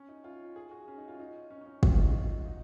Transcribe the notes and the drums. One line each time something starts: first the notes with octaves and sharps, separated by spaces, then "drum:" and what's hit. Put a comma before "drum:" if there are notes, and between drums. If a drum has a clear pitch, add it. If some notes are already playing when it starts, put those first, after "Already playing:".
Already playing: C#4
D#4
F4
G#4
F#4
C#4
D#4
F4
D#4
C#4
C#4
D#4
F#4, drum: kick
F4
D#4
F4
D#4